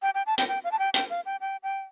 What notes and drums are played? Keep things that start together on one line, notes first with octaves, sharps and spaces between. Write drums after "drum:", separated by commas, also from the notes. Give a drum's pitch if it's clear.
G5
G5
A5
G5, drum: hi-hat
G5
F5
A5
G5
G5, drum: hi-hat
F5
G5
G5
G5